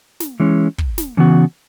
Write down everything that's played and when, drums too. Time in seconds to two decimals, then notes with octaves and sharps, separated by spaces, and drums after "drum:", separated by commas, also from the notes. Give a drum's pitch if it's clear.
0.20 drum: snare
0.40 E3 G#3 C#4
0.78 drum: kick
0.98 drum: snare
1.17 C#3 E3 B3 F#4